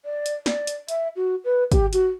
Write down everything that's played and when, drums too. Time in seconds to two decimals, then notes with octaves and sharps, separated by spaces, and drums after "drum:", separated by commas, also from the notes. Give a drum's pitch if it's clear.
0.05 D5
0.26 drum: hi-hat
0.46 D5, drum: snare
0.67 drum: hi-hat
0.89 E5, drum: hi-hat
1.16 F#4
1.44 B4
1.72 G4, drum: kick, hi-hat
1.93 F#4, drum: hi-hat